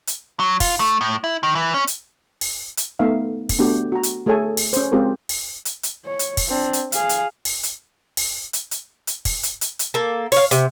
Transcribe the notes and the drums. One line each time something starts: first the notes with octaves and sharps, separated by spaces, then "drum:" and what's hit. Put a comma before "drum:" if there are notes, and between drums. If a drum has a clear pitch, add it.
drum: hi-hat
F#3
F4, drum: kick, open hi-hat
A3
A2
E4
D#3
E3
C#4
drum: hi-hat
drum: open hi-hat
drum: hi-hat
A3 B3 D#4 E5 F5
drum: kick, open hi-hat
A3 B3 D4 F#4 G4
F#4 A#5
drum: hi-hat
A3 G#4 A4 C#5 G#5
drum: open hi-hat
C#4 C5, drum: hi-hat
G#3 C4 F4 G4 G#4 A#4
drum: open hi-hat
drum: hi-hat
drum: hi-hat
C#5
drum: hi-hat
drum: kick, open hi-hat
C4 D4
drum: hi-hat
G#4 F5, drum: hi-hat
drum: hi-hat
drum: open hi-hat
drum: hi-hat
drum: open hi-hat
drum: hi-hat
drum: hi-hat
drum: hi-hat
drum: kick, open hi-hat
drum: hi-hat
drum: hi-hat
drum: hi-hat
A#3 A4
C#5 F5, drum: open hi-hat
C3, drum: hi-hat